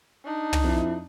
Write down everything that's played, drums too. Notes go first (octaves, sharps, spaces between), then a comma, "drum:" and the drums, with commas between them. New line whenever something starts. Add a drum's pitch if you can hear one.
D4 D#4
drum: tom
F2 E4